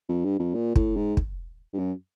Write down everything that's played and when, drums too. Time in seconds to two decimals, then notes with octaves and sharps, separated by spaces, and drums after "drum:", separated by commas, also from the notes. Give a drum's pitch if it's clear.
0.09 F2
0.25 G2
0.40 F2
0.55 A#2
0.76 A2, drum: kick
0.96 G#2
1.17 drum: kick
1.73 G2
1.79 F#2